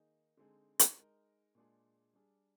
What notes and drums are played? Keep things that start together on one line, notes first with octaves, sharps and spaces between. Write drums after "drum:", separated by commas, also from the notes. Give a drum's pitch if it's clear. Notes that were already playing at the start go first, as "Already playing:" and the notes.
Already playing: D#3 A#3 D#4 G#4
D3 G#3 C4 D#4 G#4
drum: hi-hat
G#3 D#4 A#4
A#2 G#3 D4 G#4
G3 D4 G#4